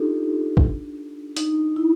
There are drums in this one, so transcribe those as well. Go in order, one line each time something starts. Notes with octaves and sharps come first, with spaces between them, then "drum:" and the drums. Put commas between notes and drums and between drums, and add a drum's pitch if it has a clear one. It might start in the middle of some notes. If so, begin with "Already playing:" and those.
Already playing: D4 D#4 F4 G4 A4
drum: kick
D#4, drum: hi-hat
E4